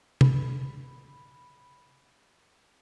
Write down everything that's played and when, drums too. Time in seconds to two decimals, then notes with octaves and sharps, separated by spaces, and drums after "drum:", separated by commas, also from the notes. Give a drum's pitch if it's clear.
0.21 A4 B5, drum: tom C3